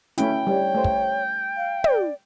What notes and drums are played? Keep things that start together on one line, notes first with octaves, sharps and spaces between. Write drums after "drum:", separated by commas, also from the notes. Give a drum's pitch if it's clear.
A3 C#4 E4 G5, drum: hi-hat
G3 C#5
A3 C5
drum: kick
F5
D5, drum: tom